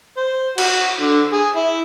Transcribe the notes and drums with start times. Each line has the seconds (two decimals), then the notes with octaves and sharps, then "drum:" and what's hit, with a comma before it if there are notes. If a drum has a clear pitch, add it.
0.17 C5
0.58 F#4, drum: cymbal
1.00 D3
1.33 G#4
1.56 E4